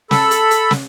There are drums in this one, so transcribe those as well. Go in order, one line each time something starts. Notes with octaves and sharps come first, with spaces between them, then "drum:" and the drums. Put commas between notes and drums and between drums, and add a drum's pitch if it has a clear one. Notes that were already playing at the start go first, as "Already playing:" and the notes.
A4 B5, drum: snare
drum: hi-hat
drum: hi-hat
drum: snare